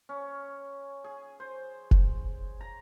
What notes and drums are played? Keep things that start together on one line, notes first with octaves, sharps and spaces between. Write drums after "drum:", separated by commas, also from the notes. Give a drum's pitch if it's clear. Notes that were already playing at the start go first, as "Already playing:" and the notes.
C#4
G#4
C5
drum: kick F1
A#5